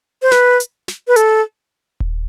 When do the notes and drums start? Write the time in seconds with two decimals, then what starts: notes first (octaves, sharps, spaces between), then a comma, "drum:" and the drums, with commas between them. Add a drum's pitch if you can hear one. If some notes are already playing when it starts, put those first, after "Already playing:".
0.22 C5
0.32 B4, drum: snare
0.60 drum: hi-hat
0.88 drum: snare
1.08 B4
1.16 A4, drum: hi-hat
2.00 drum: kick D#1